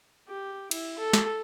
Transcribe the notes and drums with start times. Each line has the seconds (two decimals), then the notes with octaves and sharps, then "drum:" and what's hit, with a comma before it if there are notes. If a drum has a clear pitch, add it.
0.28 G4
0.71 E4, drum: cymbal
0.99 A4
1.13 drum: snare